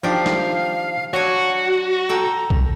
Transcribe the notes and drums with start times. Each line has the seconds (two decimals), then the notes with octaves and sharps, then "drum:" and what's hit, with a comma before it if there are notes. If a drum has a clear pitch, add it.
0.03 D#3 F3 D4 G4 F5
0.26 drum: snare
1.13 F#3 D4 F#4 C#5 F#5 G#5
2.09 A4 G5 A5 A#5
2.50 drum: kick B1